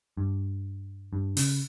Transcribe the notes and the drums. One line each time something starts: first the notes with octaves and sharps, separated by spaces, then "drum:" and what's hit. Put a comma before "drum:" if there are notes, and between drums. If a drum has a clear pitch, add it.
G2
G2
C#3, drum: open hi-hat